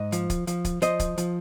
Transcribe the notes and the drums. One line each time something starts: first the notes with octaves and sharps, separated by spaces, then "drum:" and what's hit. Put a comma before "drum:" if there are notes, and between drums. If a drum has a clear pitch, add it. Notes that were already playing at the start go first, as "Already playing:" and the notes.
Already playing: G#2 D#5
F3, drum: hi-hat
drum: kick, hi-hat
F3, drum: hi-hat
drum: kick, hi-hat
F3 C5 D#5, drum: hi-hat
drum: kick, hi-hat
F3, drum: hi-hat